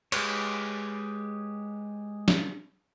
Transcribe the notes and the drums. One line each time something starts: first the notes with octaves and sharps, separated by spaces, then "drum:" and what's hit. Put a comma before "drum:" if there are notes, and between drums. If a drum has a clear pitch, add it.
G#3 G4 B4 C#5, drum: cymbal
drum: snare